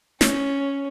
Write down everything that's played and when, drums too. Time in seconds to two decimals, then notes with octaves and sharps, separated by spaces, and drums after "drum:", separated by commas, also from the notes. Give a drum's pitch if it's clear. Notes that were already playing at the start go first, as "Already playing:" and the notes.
0.21 C#4, drum: snare